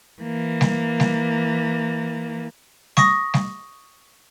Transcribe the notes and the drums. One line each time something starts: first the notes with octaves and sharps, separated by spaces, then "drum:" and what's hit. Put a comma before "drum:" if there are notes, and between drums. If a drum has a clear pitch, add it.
E3 A#3
drum: snare G3
drum: snare G3
C#6 D#6 A#6, drum: snare G3
drum: snare G3